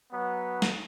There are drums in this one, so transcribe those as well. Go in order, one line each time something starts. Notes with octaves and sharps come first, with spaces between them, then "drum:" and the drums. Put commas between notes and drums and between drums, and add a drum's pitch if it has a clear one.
F#3 B3
drum: snare